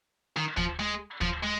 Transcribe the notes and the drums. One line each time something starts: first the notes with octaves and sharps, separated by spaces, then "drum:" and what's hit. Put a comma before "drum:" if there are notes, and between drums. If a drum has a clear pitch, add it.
D#3
F3, drum: kick
G#3
F3, drum: kick
G#3